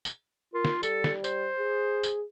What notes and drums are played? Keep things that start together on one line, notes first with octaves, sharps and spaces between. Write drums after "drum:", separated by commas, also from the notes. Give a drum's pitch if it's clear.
drum: tambourine
F4 A#4
drum: snare
G3 A4, drum: tambourine
drum: snare
C5, drum: tambourine
G#4
drum: tambourine